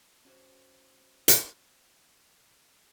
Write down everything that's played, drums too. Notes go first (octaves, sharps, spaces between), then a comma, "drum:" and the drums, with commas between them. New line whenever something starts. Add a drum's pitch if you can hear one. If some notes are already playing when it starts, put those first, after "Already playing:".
C#4 F#4 C5
drum: hi-hat